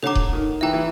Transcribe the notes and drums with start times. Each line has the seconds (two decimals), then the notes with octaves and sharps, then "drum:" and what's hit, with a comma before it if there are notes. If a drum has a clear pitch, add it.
0.03 D3 A4 C#5 F#5 A#5 D6
0.15 drum: kick D#1
0.33 D#3
0.61 E3 E5 G5 A#5
0.73 E3